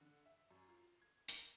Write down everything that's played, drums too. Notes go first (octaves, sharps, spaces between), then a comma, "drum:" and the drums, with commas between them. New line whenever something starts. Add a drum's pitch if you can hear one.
D3
E5
F#2
F4
G#6
A#4, drum: hi-hat